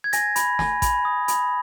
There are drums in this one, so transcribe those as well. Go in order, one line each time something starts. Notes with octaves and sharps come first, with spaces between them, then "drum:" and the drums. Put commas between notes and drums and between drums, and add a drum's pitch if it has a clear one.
G#6
G#5 A#6, drum: hi-hat
B5, drum: hi-hat
G#5, drum: snare
B5, drum: kick A1, hi-hat
D#6
B5, drum: hi-hat